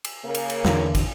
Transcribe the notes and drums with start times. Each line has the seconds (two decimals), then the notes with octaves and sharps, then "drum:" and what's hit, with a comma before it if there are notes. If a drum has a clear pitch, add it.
0.05 drum: cymbal
0.25 C#3 A#3
0.35 drum: cymbal
0.50 drum: cymbal
0.65 E2 D3, drum: snare
0.95 drum: kick, cymbal